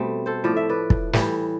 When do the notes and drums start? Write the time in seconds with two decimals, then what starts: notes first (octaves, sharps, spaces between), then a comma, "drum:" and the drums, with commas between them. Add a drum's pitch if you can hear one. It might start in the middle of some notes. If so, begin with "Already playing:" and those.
Already playing: B2 G3 A3 C4
0.26 A4 C5
0.44 A2 F3 D5
0.57 E5
0.69 B4 D5
0.90 drum: kick
1.13 A2 E3 G3, drum: snare